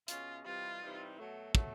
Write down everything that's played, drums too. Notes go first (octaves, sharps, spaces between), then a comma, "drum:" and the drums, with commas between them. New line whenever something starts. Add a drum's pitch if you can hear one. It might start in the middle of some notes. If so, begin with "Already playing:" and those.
B2 G#3 C#4 F4, drum: hi-hat
C3 E3 G3 C4 D#4 F4
C3 E3 G3 C4 D#4
B2 F#3 A3
B2 F#3 A3, drum: kick